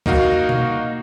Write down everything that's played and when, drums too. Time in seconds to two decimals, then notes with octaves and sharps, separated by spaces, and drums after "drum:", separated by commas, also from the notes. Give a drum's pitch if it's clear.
0.06 A#3 D#4 F#4 F5, drum: kick C2
0.49 drum: tom B2